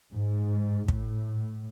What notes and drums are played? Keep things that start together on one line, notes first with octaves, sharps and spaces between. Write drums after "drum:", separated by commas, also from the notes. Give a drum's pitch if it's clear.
G#2
A2, drum: kick